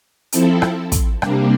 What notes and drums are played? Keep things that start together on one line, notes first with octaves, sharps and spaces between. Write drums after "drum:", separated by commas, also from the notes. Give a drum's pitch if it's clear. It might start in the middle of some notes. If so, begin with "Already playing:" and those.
F3 C4 E4 A4, drum: hi-hat
drum: rim click
drum: kick, hi-hat
C3 G3 A#3 D4, drum: rim click